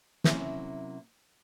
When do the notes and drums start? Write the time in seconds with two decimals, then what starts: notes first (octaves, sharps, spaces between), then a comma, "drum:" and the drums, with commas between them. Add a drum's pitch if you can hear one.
0.24 C3 F#3 A#3 C#4 E4 E5, drum: snare